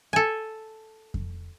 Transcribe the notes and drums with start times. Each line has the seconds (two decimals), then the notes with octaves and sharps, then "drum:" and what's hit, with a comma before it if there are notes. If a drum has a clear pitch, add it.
0.13 A4 G#5
1.14 drum: kick F2